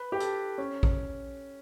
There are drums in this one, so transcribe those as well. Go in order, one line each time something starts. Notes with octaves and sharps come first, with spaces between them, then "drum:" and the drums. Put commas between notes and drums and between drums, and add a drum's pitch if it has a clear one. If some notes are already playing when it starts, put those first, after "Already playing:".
Already playing: B4
G4
A4, drum: hi-hat
C#4
drum: kick A#1